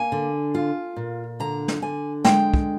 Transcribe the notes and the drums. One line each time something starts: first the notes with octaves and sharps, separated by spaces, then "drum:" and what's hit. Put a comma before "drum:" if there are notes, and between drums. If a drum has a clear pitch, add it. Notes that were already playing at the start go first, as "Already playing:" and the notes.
Already playing: A#3 G#5
D3
F4
A#2
D3 A#5
drum: snare
D3 G#5
G#3 G5, drum: snare
drum: kick